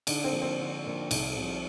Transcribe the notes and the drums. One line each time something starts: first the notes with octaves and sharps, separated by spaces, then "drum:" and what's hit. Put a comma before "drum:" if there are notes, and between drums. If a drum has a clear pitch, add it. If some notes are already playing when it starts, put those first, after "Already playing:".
D3 D4, drum: cymbal
C4
F3 A#3 D4
C4
D3
F3 A#3 D4
C2, drum: cymbal
C3 F3